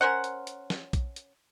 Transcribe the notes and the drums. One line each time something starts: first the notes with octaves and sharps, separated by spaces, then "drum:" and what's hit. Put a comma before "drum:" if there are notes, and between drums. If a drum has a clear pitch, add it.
C#4 A#4 C5 F#5
drum: hi-hat
drum: hi-hat
drum: snare
drum: kick A#1, hi-hat
drum: hi-hat